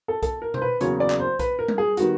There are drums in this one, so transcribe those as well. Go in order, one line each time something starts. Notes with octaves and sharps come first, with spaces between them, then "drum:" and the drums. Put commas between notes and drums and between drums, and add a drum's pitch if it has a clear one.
A4
A4, drum: kick, hi-hat
A#4
C5, drum: tom B2
B4
E2 C#3 F#3 A#3 C#5, drum: hi-hat
D5
drum: clap
C5
B4, drum: kick, hi-hat
A#4
drum: tom G3
G#4
D#3 G3 B3 F#4, drum: hi-hat